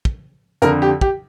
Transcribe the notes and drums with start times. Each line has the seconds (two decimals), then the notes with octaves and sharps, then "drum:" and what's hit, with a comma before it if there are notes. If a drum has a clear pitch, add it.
0.05 drum: kick
0.62 F2 D3 A#4, drum: hi-hat
0.82 G4
1.01 G4, drum: kick